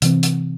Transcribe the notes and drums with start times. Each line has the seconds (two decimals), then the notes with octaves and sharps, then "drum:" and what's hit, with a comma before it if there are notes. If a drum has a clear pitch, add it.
0.02 C3 E3 C4, drum: hi-hat
0.23 drum: hi-hat